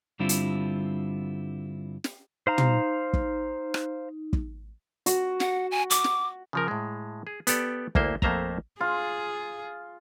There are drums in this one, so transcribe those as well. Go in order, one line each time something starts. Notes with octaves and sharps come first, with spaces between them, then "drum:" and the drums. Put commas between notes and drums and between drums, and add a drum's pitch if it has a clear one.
G2 D3 G3 C4 E4 F4
drum: hi-hat
drum: snare
D#4 C5 F5 A#5
drum: tom
drum: kick
drum: rim click
drum: kick
F#4, drum: hi-hat
F#5, drum: snare
G#5
D6, drum: hi-hat
drum: snare
C#3 F3 A#4
A2 G#3
G#4
B3 G4 A4 D5, drum: hi-hat
D2 A#3 E4 C5, drum: kick
F2 A3 A#3 C5 E5 A#5, drum: kick
F4 G#4